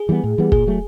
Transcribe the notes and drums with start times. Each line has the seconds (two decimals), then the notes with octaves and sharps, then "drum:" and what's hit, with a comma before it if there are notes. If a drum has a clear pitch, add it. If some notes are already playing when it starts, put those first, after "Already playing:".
Already playing: G#4
0.09 E3 G3 B3
0.24 A2
0.38 E3 G3 B3
0.52 A#2 G#4, drum: kick
0.67 F#3 A3